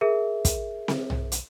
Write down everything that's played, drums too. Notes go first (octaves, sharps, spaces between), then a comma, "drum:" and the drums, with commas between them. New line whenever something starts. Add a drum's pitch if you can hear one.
G#4 A#4 E5
drum: kick, hi-hat
drum: snare C4
drum: tom
drum: hi-hat